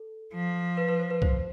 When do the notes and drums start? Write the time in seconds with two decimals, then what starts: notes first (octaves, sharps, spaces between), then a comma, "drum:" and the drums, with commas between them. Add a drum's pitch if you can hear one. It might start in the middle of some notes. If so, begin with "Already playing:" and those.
Already playing: A4
0.34 F3
0.77 B4
0.89 B4
1.00 C5
1.11 B4
1.22 C5, drum: kick C2